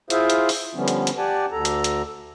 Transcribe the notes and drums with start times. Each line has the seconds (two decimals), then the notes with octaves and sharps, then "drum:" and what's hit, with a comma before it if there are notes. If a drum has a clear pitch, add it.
0.10 E4 F4 G#4 C5 E5 F5, drum: hi-hat
0.30 drum: hi-hat
0.49 drum: open hi-hat
0.75 D3 F3 G3 B3 C#4
0.88 drum: hi-hat
1.07 drum: hi-hat
1.18 G4 D5 F#5 G#5 A5
1.52 D2 A4 A#5
1.65 drum: hi-hat
1.84 drum: hi-hat